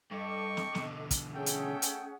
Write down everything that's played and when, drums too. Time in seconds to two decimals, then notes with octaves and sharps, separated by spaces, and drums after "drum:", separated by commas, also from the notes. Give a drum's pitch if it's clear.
0.12 G2 A4 D#5 G5 C#6 D6
0.57 drum: snare
0.75 B2 D3, drum: snare
1.11 drum: kick, hi-hat
1.34 A3 C#4 G#4 A4 F#5 G5
1.46 drum: hi-hat
1.82 drum: hi-hat